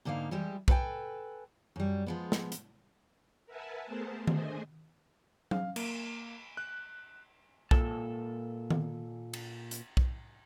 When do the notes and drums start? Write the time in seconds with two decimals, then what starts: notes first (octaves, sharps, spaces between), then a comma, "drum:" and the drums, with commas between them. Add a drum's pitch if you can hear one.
0.05 G#2 D3 A#3 D#4 F5
0.31 E3 G3 G#3 G4
0.68 A4 B4 C5 F5 G5 G#5, drum: kick B1
1.76 F#2 G3
2.07 F3 G#3 B3
2.32 drum: snare
2.52 drum: hi-hat
3.46 A#4 B4 E5 F#5 G#5 A5
3.86 A3 B3 G#4 A#4 C5 A5
4.27 A3 D4 G#4 C5 D#5 G#5, drum: tom D#3
5.51 F5, drum: tom F#3
5.76 A#3, drum: cymbal
6.57 F#6
7.71 A#2 A4 A5, drum: kick B1
8.70 drum: tom D#3
9.33 drum: cymbal
9.71 drum: hi-hat
9.97 drum: kick B1